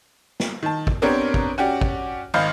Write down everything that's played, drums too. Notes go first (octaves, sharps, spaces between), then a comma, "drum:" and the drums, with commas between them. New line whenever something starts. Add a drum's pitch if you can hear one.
drum: snare
D#3 A5
drum: kick
B3 C4 D4 G4 A#4 C#5
drum: kick
C#4 F#4 G4 D5
drum: kick
G#1 D#5 F5 B5 F6 G6